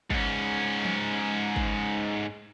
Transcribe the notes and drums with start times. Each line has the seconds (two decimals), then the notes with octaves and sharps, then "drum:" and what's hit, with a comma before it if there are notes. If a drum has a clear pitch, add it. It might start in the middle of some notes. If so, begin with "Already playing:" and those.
0.10 G#2 C#4, drum: kick
0.85 drum: tom F3
1.56 drum: kick